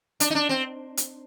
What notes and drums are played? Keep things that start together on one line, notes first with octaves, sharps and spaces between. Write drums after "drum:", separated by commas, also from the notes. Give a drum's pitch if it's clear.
D4, drum: hi-hat
D#4
D4
C4
drum: hi-hat